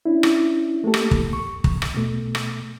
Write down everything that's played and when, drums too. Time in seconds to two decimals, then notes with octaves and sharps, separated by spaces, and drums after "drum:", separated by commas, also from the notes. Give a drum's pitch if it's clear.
0.06 C#4 D4 E4
0.23 drum: rim click
0.84 A3 A#3 G4 A4
0.94 drum: rim click
1.11 drum: kick
1.33 C#6
1.64 drum: kick
1.82 drum: rim click
1.95 B2 A3
2.35 drum: rim click